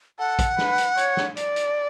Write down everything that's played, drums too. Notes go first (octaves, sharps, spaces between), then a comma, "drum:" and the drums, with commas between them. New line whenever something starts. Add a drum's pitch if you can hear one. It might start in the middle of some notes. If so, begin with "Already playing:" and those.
A4 F#5
drum: kick A#1, hi-hat
B4, drum: snare
drum: hi-hat
C#5, drum: hi-hat
drum: snare
D5, drum: hi-hat
drum: hi-hat